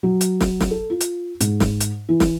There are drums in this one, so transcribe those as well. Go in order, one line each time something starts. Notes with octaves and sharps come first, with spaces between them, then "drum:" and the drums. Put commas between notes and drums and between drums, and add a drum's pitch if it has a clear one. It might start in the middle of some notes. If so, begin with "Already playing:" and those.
F#3
drum: hi-hat
drum: snare
drum: snare
A4
F4
drum: hi-hat
G#2, drum: hi-hat
drum: snare
drum: hi-hat
E3
drum: snare